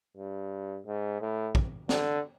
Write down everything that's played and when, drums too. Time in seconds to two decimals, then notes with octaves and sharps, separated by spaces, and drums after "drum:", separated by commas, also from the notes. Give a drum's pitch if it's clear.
0.17 G2
0.86 G#2
1.21 A2
1.55 drum: kick
1.89 D3, drum: snare